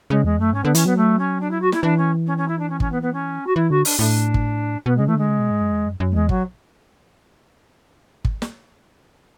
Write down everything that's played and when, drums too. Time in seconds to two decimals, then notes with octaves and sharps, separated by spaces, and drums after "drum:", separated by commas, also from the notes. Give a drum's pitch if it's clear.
0.10 C#3 G#3
0.24 E2 G#3
0.39 F#2 A3
0.53 G#2 C#4
0.64 D3 B3
0.75 E3 C#4, drum: hi-hat
0.86 F#3 B3
0.96 A3
1.18 C#4
1.40 D4
1.50 E4
1.61 F#4
1.72 E4, drum: snare
1.83 E3 D4
1.97 C#4
2.26 C#4
2.37 C#4
2.48 E4
2.58 D4
2.69 C#4
2.80 C#4, drum: kick
2.91 B3
3.02 B3
3.13 C#4
3.46 F#4
3.56 E3 E4
3.70 D3 F#4
3.85 D4, drum: open hi-hat
3.99 A2 D4
4.34 drum: kick
4.85 B2 B3
4.96 C#3 G#3
5.07 E3 A3
5.14 D3 G#3
5.29 C#3
5.40 B2
5.51 G#2
5.61 F#2
5.72 E2
5.87 F#2
6.00 F#2
6.11 A3
6.15 E2 G#3
6.29 F#3, drum: kick
8.25 drum: kick
8.42 drum: snare